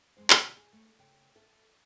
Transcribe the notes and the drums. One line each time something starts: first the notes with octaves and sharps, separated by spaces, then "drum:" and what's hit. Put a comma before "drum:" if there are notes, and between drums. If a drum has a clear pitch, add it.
F2 G#3 C5
B2 D3, drum: clap
G#4
A3
C#3 G5
A4 E5